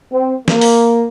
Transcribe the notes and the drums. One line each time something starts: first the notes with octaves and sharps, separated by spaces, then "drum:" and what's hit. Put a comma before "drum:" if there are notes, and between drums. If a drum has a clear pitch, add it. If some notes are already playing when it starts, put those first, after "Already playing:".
C4
A#3, drum: snare
drum: open hi-hat